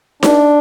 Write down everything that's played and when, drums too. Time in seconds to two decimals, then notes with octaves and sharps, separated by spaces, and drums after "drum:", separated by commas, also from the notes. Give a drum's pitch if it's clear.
0.23 D4, drum: snare D#4